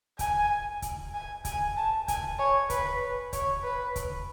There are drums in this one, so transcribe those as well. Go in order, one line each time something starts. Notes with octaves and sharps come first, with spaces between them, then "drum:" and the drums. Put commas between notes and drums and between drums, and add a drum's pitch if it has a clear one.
G#5, drum: kick C#1, hi-hat
drum: kick C#1, hi-hat
G#5
G#5, drum: kick C#1, hi-hat
A5
G#5, drum: kick C#1, hi-hat
C#5
B4, drum: kick C#1, hi-hat
C#5, drum: kick C#1, hi-hat
B4
drum: kick C#1, hi-hat